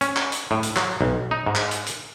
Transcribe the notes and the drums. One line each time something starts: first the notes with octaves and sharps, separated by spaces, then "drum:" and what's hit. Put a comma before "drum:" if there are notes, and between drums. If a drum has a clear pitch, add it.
C#4, drum: hi-hat
drum: clap
drum: hi-hat
A2
drum: hi-hat
F#3, drum: clap
B1
D#4
G#2
drum: clap
drum: hi-hat
drum: hi-hat